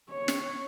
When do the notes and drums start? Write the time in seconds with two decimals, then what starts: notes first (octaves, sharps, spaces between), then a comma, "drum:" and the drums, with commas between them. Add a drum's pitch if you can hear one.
0.10 C#5
0.28 drum: snare